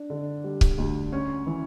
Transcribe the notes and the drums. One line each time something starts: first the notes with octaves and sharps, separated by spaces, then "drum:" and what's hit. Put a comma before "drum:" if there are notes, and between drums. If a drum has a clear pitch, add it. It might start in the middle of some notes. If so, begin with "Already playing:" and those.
Already playing: D4
D3
G3
drum: kick C#1
D2
C#4
E3